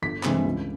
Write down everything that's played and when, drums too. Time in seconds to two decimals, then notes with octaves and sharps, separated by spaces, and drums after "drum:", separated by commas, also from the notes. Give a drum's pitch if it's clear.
0.02 G1 B6
0.23 G2 E3 G#3 C4, drum: clap
0.45 C#2